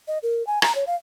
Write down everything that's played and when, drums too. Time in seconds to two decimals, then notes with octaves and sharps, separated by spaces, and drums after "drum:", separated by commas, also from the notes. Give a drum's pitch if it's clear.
0.08 D#5
0.23 A#4
0.47 G#5
0.62 A#5, drum: rim click
0.75 C#5
0.87 F5